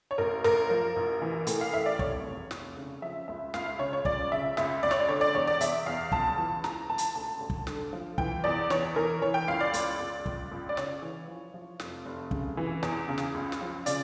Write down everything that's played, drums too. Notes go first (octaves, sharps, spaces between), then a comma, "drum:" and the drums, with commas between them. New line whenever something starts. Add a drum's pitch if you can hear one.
C#5
A1 A#4
A1 A#4, drum: snare
F3
A1
E3
A2, drum: hi-hat
F5
A1 E5
D5
F1 C#5, drum: kick
E2
F1, drum: snare
C#3
F3 E5
C#2 E5
C#2 F5, drum: snare
E5
C#3 C#5
C#5
C#2 D5, drum: kick
C#3 E5
C#2 E5, drum: snare
C#2 D5
C#5, drum: snare
D5
D3 C#5
D5
E2 C#5
D5
E2 E5, drum: hi-hat
E2 F5
C#2 A5, drum: kick
E3 A5
C#2 A#5, drum: snare
C#2 A5
drum: hi-hat
D2 A5
D2
drum: kick
D3, drum: snare
F3
E3 G5, drum: kick
E2 D5
E3 C#5, drum: snare
E3 A#4
E3 C#5
G5
C#2 F5
D5
C#2, drum: hi-hat
C#2
C#2, drum: kick
C#2
D5
C#3 C#5, drum: snare
E3
F3
F3
F1, drum: snare
F1
C#3, drum: kick
E3
E2, drum: snare
C#3
drum: snare
C#2
drum: snare
F3
C#3 D5, drum: hi-hat